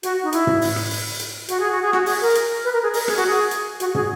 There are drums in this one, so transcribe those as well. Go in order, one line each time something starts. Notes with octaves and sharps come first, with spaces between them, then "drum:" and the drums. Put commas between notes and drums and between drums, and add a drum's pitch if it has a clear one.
F#4, drum: hi-hat
D#4
E4, drum: hi-hat
drum: tom
drum: open hi-hat
drum: rim click
drum: open hi-hat
drum: hi-hat
F#4, drum: hi-hat
G#4
F#4
G#4
F#4, drum: rim click
G#4, drum: open hi-hat
A#4
drum: hi-hat
B4
A#4
G#4
A#4, drum: open hi-hat
G#4, drum: rim click
F#4
G#4
drum: hi-hat
F#4, drum: hi-hat
G#4, drum: tom